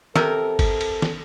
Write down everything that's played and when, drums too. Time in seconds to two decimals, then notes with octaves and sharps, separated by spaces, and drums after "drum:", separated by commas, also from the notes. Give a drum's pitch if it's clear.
0.16 C3 A4 A#4, drum: snare
0.59 drum: kick G1, cymbal
0.81 drum: cymbal
1.02 drum: snare